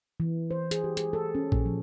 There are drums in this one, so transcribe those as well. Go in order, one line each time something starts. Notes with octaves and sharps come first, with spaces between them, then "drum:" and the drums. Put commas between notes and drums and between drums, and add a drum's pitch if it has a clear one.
E3
C5
G#4, drum: hi-hat
G4
G#4, drum: hi-hat
A4
C#4
A#2, drum: kick A#1
F3